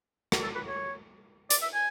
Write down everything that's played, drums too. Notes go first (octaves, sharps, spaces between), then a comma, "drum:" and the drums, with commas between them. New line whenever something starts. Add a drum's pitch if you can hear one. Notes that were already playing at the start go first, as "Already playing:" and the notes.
drum: rim click
A4
B4
C#5
D5, drum: hi-hat
E5
G#5